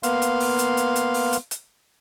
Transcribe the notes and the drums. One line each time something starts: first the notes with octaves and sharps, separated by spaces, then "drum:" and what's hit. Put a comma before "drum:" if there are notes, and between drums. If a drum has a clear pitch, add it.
A#3 B3 F5 C6, drum: hi-hat
drum: hi-hat
drum: open hi-hat
drum: hi-hat
drum: hi-hat
drum: hi-hat
drum: open hi-hat
drum: hi-hat
drum: hi-hat